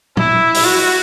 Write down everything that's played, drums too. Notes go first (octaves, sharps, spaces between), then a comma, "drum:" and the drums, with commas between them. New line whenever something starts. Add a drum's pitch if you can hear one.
E4, drum: tom A#2
drum: open hi-hat
F#4